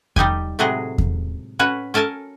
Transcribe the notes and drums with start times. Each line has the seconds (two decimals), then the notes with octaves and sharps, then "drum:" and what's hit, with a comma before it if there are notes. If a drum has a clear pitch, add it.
0.16 G3 D#4 G4 G#5, drum: kick E2
0.59 A2 C3 F#3 G#3 G#4 D#5
0.98 drum: kick E2
1.59 C#4 F#4 B4 C#5
1.94 C#4 A4 A#4 G#5 A5